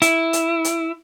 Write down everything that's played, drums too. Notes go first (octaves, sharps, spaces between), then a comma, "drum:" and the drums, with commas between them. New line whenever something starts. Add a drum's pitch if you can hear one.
E4, drum: hi-hat
drum: hi-hat
drum: hi-hat